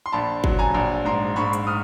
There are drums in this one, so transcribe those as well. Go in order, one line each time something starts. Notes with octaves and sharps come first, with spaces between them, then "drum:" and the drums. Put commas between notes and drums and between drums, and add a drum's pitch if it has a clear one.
C6
A#1 A5 B5
F#3, drum: kick G1
G#5 A#5
A#1
G#2 A#5 C6
G#2 B5 C#6
drum: hi-hat
D#6 F6